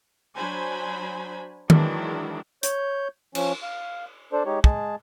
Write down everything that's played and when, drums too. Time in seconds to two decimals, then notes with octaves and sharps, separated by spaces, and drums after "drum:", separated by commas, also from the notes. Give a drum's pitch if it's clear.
0.36 F#3 D4 C5 G#5 B5
1.70 D#3 E3 F#3 G#3 D4 E4, drum: tom D#3
2.63 C#5 G6, drum: hi-hat
3.35 F3 C#4, drum: cymbal
3.63 F5
4.33 D4 A4 C5 D5
4.46 G#3 D#4 G4 C#5
4.64 G#3 G#4 A5, drum: kick